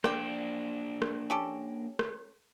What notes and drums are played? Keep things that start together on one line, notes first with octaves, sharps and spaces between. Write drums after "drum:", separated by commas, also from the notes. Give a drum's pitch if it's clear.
A#3 D4 D5 G5, drum: rim click
drum: rim click
C#4 G4 A4
drum: rim click